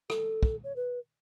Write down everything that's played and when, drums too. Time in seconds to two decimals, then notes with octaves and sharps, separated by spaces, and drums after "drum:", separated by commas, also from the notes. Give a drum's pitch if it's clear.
0.10 A4, drum: rim click
0.43 drum: kick
0.64 C#5
0.76 B4